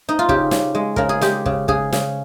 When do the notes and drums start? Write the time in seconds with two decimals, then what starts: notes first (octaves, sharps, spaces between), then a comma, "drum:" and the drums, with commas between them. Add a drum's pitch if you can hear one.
0.09 D#4
0.19 F4
0.29 C#3 G4, drum: kick
0.51 C#3, drum: snare
0.75 G#3
0.96 C#3 A#4, drum: kick
1.09 G#4
1.21 G#3 G4, drum: snare
1.46 C#3, drum: kick
1.68 C#3 G#4, drum: kick
1.93 C#3, drum: snare